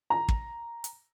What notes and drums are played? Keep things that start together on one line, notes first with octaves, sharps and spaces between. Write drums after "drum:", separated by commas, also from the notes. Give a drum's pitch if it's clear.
A#5
drum: kick
drum: hi-hat